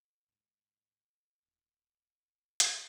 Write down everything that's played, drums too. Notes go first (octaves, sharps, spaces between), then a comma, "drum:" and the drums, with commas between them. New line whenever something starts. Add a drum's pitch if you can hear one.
B1 G#2
D#1 E2
drum: hi-hat